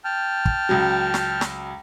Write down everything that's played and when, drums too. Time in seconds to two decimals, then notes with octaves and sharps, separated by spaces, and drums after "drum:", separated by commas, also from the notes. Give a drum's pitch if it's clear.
0.04 G5 A5 F6
0.45 drum: kick
0.69 C#2 F#3
1.14 drum: snare
1.41 drum: snare